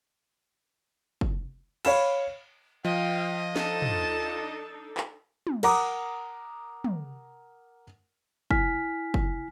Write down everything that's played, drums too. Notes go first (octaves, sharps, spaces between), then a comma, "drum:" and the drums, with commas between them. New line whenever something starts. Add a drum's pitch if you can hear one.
drum: kick
C#5 F5 B5 E7, drum: cymbal
F3 D#5 F5 G5
D4 D#4 A4 A5, drum: snare
drum: tom
drum: clap
drum: tom
A#4 F#5 A#5 D6 D#6, drum: cymbal
drum: tom
E4 G#5 F6 B6, drum: kick
drum: kick